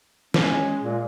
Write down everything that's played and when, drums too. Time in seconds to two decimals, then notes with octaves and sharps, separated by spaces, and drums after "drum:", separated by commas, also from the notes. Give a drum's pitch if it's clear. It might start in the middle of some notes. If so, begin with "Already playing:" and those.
0.34 G#3 C#4, drum: snare
0.83 A#2